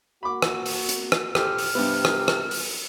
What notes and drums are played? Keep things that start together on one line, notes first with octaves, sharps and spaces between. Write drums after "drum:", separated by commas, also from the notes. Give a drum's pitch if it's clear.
A#3 F#4 B5 D6
drum: rim click
drum: open hi-hat
drum: hi-hat
drum: rim click
G4 A4 C5 F6, drum: rim click
drum: open hi-hat
G2 C3 B3
drum: rim click
drum: rim click
drum: open hi-hat